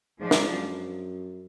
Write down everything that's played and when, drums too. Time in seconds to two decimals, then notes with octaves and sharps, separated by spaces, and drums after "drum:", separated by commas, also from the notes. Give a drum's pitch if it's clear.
0.20 G#2 F3 G#3 D4
0.31 F#2, drum: snare
0.41 F2
0.52 F#2